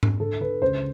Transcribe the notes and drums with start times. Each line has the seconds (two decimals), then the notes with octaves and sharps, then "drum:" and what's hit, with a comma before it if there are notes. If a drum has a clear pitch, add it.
0.03 drum: tom G#2
0.20 D3 A4
0.40 D3 B4
0.62 C#2 C5